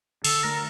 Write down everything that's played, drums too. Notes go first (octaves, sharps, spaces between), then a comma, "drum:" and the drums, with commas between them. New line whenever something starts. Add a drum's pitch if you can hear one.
D3 A4, drum: open hi-hat
A3 A#4